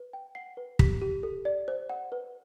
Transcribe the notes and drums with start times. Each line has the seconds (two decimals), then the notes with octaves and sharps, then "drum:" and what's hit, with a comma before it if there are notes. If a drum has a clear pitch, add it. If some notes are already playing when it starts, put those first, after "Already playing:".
Already playing: B4
0.13 G5
0.35 F#5 C7
0.57 B4
0.79 G4 B6, drum: kick
1.02 G4
1.23 A4
1.45 D5
1.68 C5
1.90 F#5
2.12 B4